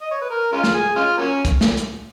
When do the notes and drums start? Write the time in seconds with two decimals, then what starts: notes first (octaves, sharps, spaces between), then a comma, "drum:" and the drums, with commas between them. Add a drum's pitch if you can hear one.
0.02 D#5
0.11 C#5
0.22 B4
0.31 A#4
0.52 G#3 C#4 F4
0.64 drum: snare
0.74 G#4
0.96 G#3 C#4 F4
1.18 F#3 A#3 C#4
1.45 drum: kick, hi-hat
1.61 drum: snare
1.77 drum: hi-hat